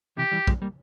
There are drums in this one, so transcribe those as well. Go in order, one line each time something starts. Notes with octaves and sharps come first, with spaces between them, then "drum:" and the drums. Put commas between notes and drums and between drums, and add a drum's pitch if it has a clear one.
C3 E3 G4
E3 G3
F3 G#3, drum: kick
G3 A#3